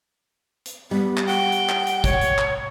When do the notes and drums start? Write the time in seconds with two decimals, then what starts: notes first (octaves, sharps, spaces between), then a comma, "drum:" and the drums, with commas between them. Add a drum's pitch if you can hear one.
0.66 drum: hi-hat
0.91 G3 B3
1.17 drum: clap
1.27 F#5 G5
1.52 drum: hi-hat
1.69 drum: clap
1.87 drum: hi-hat
2.04 C#5, drum: kick, hi-hat
2.21 drum: hi-hat
2.39 drum: clap